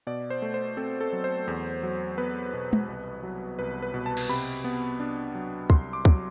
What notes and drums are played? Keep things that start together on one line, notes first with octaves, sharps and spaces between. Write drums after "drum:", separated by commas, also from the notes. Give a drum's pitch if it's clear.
B2 D5
C5
A3
C5
C4 A4
A4
F#3
C5
E2
F#3
B3 B4
B2
drum: tom G#3
C2
F#3
C2 B4
B4
B2
A5
drum: cymbal
C3 B5
B3
D4
F#3
C2 C6, drum: kick
D6
F#3, drum: kick